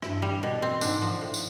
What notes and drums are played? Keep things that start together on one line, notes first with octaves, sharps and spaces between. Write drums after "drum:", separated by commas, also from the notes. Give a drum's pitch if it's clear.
G2 E4, drum: rim click
G3
B2
C4
G#2 D4, drum: tambourine
F3
A2
drum: tambourine